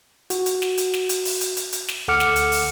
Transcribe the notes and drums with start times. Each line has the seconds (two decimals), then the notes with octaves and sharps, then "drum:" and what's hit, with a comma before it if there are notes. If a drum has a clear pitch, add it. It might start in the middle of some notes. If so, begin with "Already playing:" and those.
0.30 F#4, drum: hi-hat
0.46 drum: hi-hat
0.62 drum: snare
0.78 drum: hi-hat
0.94 drum: snare
1.09 drum: hi-hat
1.25 drum: open hi-hat
1.41 drum: hi-hat
1.57 drum: hi-hat
1.73 drum: hi-hat
1.88 drum: snare
2.08 D2 A4 F#5 D6 F6 C#7
2.20 drum: snare
2.36 drum: hi-hat
2.52 drum: open hi-hat